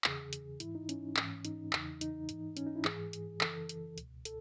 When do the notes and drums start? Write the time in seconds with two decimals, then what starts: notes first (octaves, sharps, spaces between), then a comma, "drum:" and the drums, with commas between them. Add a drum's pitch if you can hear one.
0.04 E2 C#3 E3 G#4, drum: clap
0.33 drum: hi-hat
0.60 G#2 E3 E4, drum: hi-hat
0.75 D#4
0.89 C#4, drum: hi-hat
1.17 G#2 E3, drum: clap
1.45 D#4, drum: hi-hat
1.73 E2 C#3 E3, drum: clap
2.01 D#4, drum: hi-hat
2.29 G#2 E3, drum: hi-hat
2.57 C#4, drum: hi-hat
2.66 D#4
2.76 E4
2.85 G#2 E3 G#4, drum: clap
3.13 drum: hi-hat
3.41 F#2 C#3 E3 A4, drum: clap
3.69 drum: hi-hat
3.98 C#2 B2, drum: hi-hat
4.25 A4, drum: hi-hat